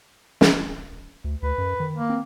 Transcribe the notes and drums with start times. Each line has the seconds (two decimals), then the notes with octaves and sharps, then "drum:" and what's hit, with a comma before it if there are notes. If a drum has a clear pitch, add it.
0.41 drum: snare
1.24 D2
1.43 D2 B4
1.58 F#2
1.80 D#3
1.96 A#3
2.10 C4